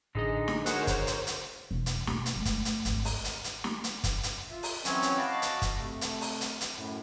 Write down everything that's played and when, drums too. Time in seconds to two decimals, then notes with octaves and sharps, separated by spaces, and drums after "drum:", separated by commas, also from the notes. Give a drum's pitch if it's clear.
0.15 A1 D3 D#4 G#4 D#5
0.48 drum: snare
0.66 F#4 G#4 A#4 C5 C#5 F#5, drum: hi-hat
0.87 drum: kick, hi-hat
1.07 drum: hi-hat
1.27 drum: hi-hat
1.71 E1
1.86 drum: hi-hat
2.07 B2, drum: snare
2.26 drum: hi-hat
2.36 G#3 A3
2.45 drum: kick, hi-hat
2.65 drum: hi-hat
2.85 G#1 D2, drum: hi-hat
3.05 drum: open hi-hat
3.24 drum: hi-hat
3.44 drum: hi-hat
3.64 drum: snare
3.84 drum: hi-hat
4.04 drum: kick, hi-hat
4.23 drum: hi-hat
4.50 F4 E5
4.63 drum: open hi-hat
4.85 E3 F#3 C4 C#4 C#5, drum: hi-hat
5.02 drum: hi-hat
5.17 F#4 D#5 F5 A5 B5 D6
5.42 drum: hi-hat
5.62 drum: kick, hi-hat
5.76 C3 A3
6.01 drum: hi-hat
6.21 drum: open hi-hat
6.41 drum: hi-hat
6.61 drum: hi-hat
6.75 F#2 A2